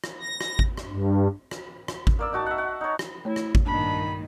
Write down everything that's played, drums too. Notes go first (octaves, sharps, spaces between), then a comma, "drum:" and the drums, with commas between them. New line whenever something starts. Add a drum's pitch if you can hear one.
drum: rim click
A#6
drum: rim click
drum: kick G#1
drum: rim click
G2
drum: rim click
drum: rim click
drum: kick G#1
A#3 D5 E6
D#4 F#4 A5
E5 F#5
F#5
D#4 C#5
drum: rim click
A3 E4 C#5
drum: rim click
drum: kick G#1
G2 A#2 D#3 D4 B5